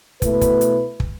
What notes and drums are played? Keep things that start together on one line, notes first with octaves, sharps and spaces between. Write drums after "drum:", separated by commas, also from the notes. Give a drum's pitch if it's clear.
B2 A3 E4 B4, drum: kick, hi-hat
drum: kick, hi-hat
drum: hi-hat
drum: kick